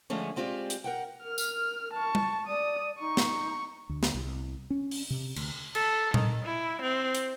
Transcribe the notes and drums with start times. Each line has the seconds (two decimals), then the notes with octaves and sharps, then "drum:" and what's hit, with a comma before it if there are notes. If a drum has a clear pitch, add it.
0.10 D3 F3 G#3 A3 C#4
0.36 G#3 C4 F4 G4 C5 D5
0.70 drum: hi-hat
0.84 A#4 F#5 G5
1.24 A#4 F6
1.38 drum: tambourine
1.93 A5 C#6
2.15 drum: tom G3
2.47 D5 D#6
2.99 D#4 C#6
3.17 drum: snare
3.89 D2
4.03 drum: snare
4.15 C2
4.70 C#4
4.91 drum: open hi-hat
5.10 C3
5.36 D2, drum: cymbal
5.75 A4, drum: cymbal
6.14 D#3, drum: tom A#2
6.44 E4
6.82 C4
7.15 drum: hi-hat